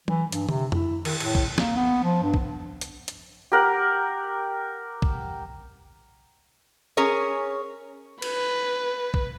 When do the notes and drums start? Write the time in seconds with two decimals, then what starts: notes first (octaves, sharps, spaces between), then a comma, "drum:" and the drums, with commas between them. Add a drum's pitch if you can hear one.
0.08 E3, drum: tom
0.32 G2, drum: hi-hat
0.49 C3, drum: tom D3
0.72 E4, drum: tom F2
1.05 D#3, drum: cymbal
1.20 A2, drum: cymbal
1.35 drum: kick
1.58 A#3, drum: snare
1.76 B3
2.04 F3
2.23 G2
2.34 drum: kick
2.81 drum: hi-hat
3.08 drum: hi-hat
3.52 G4 A#4 F#5
5.02 drum: kick
6.97 C#4 G#4 A#4 C#5
8.22 B4, drum: cymbal
9.14 drum: kick